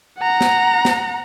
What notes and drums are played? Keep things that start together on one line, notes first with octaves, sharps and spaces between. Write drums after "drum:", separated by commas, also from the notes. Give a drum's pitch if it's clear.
F#5 A#5
drum: snare
drum: snare